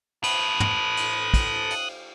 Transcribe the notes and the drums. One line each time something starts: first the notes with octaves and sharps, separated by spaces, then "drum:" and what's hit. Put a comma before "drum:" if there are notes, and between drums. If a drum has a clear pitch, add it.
A4 B4 D#6 F#6, drum: cymbal
drum: tom
drum: cymbal
drum: kick, cymbal
drum: cymbal